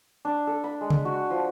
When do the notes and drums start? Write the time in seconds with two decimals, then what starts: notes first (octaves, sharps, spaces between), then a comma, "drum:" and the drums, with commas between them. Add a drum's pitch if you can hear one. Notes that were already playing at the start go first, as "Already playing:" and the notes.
0.25 D4
0.47 A4
0.64 B5
0.81 G#3
0.90 drum: tom C#3
1.05 F#4
1.30 F3